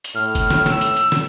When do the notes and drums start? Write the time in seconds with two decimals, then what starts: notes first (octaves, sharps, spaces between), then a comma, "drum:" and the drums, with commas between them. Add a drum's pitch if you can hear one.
0.04 drum: hi-hat
0.15 A2 F6
0.35 drum: kick, hi-hat
0.51 drum: snare
0.66 E6, drum: snare
0.81 drum: hi-hat
0.97 drum: hi-hat
1.12 drum: snare